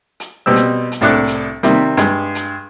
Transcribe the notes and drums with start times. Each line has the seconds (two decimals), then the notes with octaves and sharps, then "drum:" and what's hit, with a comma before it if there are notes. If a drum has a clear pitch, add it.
0.20 drum: hi-hat
0.46 B2 G3 C4 E6
0.56 drum: hi-hat
0.92 drum: hi-hat
1.01 C2 A2 D4 A4 D6 F#6
1.27 drum: hi-hat
1.63 C3 D#3 G3, drum: hi-hat
1.97 G2 G#3, drum: hi-hat
2.35 drum: hi-hat